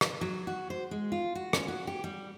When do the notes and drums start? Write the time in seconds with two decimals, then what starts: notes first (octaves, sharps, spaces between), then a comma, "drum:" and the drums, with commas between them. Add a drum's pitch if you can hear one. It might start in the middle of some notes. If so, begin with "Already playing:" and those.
0.01 drum: rim click
0.21 F#3
0.47 F#4
0.70 C5
0.91 G#3
1.12 F4
1.35 F#4
1.53 C#4, drum: rim click
1.68 F#4
1.87 G4
2.04 G3